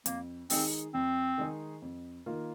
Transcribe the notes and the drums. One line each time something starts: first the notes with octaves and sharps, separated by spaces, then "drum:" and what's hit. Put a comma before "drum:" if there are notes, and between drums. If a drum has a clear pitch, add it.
F2 A#3, drum: hi-hat
D#3 G#3 C4 D#4 G#4, drum: open hi-hat
F2 C4
D#3 G#3 D#4 G#4
F2
D#3 A#3 F4